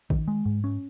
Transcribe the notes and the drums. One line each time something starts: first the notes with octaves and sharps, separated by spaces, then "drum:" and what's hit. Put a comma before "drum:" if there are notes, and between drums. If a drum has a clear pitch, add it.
D#3, drum: kick
G#3
G#2
C#4